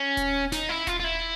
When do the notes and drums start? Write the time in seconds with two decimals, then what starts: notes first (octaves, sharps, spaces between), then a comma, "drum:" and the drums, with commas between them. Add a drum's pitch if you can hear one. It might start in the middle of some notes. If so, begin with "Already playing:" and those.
Already playing: C#4
0.17 drum: kick D#1, hi-hat
0.52 D#4, drum: snare
0.69 E4
0.87 F4, drum: kick D#1, hi-hat
1.00 F4
1.04 E4